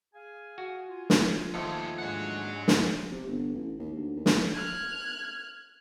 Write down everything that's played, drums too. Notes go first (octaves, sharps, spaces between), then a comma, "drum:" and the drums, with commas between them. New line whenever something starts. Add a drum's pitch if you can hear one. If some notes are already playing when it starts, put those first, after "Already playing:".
G#4 F5 G#5
F#4
F4 G#5
drum: snare
D#2 F3 A3 D#4 A4
G#2 G#3 D4 C#5 F#5
drum: snare
C3
G1
A1
D#2
D2
D#2
drum: snare
F6 F#6 G#6